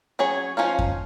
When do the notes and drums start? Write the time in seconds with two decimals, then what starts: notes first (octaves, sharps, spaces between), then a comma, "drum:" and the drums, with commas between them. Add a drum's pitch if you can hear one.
0.19 F#3 C#4 G#4 C#5
0.57 F3 C#4 D#4 F4
0.79 drum: kick F2